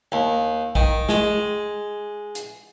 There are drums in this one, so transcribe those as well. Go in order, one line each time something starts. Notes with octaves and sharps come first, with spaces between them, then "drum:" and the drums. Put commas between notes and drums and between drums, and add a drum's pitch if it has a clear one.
D#2
D#3, drum: kick
G#3, drum: snare
drum: hi-hat